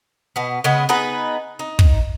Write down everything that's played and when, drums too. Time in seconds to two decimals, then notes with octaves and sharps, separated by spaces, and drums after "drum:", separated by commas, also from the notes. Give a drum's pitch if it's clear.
0.36 B2 B3
0.64 C#3 G#3 B3
0.89 B3 D#4 G#4 B4
1.59 D#4
1.79 drum: kick